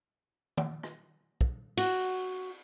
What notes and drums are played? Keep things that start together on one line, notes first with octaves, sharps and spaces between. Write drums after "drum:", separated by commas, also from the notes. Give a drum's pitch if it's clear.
drum: tom D#3
drum: rim click
drum: kick
F#4, drum: cymbal